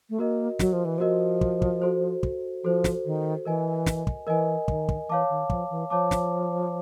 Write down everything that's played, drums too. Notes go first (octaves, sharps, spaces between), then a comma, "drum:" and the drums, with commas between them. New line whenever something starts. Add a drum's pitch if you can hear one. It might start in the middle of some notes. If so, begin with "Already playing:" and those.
A3
A#3 F#4 A#4 D#5
F#3, drum: snare
F3
E3
F3 F#4 A#4 D#5
drum: kick
drum: kick
F#4 A4 C5
drum: kick
F3 F#4 A4 C5
drum: snare
D#3
E3 A#4 D#5 G#5
drum: snare
drum: kick
E3 A#4 D#5 G#5
D#3, drum: kick
drum: kick
E3 C#5 F5 A5 D6
D#3
F3, drum: kick
E3
F3 C#5 F5 A5 D6
drum: snare